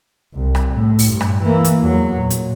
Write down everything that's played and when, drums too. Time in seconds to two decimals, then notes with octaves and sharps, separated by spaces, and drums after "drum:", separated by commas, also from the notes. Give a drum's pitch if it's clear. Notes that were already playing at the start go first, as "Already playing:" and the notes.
0.34 C2
0.55 drum: rim click
0.72 A2
0.99 drum: open hi-hat
1.09 G2
1.21 drum: rim click
1.43 E3 A#3
1.64 drum: hi-hat
1.79 E2 F#3
2.17 A#2
2.30 drum: hi-hat